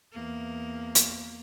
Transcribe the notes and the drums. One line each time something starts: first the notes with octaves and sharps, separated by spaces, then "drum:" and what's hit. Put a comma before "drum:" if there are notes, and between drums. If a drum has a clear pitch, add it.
E2 A#3
drum: hi-hat